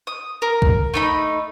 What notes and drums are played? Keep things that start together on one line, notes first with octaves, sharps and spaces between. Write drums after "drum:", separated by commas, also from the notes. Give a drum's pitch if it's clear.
D#6
A#4
drum: kick C2
A3 D#4 B5